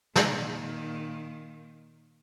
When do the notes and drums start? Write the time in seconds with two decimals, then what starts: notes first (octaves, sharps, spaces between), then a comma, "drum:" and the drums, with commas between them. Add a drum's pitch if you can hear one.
0.16 A#2 D#3, drum: snare